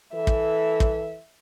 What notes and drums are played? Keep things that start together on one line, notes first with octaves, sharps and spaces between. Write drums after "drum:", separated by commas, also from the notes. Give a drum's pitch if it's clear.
E3 A4 E5
drum: kick
drum: kick